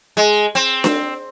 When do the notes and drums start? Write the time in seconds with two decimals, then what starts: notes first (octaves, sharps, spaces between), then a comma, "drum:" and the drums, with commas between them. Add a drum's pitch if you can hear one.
0.17 G#3
0.55 C4
0.84 drum: snare D4